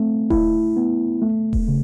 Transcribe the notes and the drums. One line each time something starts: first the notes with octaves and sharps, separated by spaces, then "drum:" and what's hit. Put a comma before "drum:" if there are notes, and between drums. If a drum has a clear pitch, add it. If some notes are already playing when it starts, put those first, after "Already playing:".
Already playing: A3 C4
E4, drum: kick D#1
B3
A3
drum: kick D#1
C#3